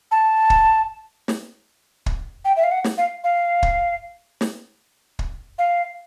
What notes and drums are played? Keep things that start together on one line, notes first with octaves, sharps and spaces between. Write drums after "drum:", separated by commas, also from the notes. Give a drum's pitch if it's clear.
A5
drum: kick
drum: snare
drum: kick
G5
E5
F5
F#5
drum: snare
F5
F5
drum: kick
drum: snare
drum: kick
F5